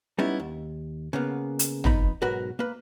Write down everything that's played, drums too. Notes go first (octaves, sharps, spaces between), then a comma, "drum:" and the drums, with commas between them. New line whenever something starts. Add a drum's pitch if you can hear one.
G3 B3 C#4 D#4 E4
D#2
C#3 A#3 B3
drum: hi-hat
F2 B3 D#4 B5, drum: tom
B1 G#2 F#4 A#4 B4
A#3 B4